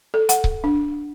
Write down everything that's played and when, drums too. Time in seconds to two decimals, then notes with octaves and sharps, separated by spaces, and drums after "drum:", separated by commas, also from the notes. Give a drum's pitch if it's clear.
0.14 A4
0.29 F#5, drum: hi-hat
0.44 drum: kick C#1
0.64 D4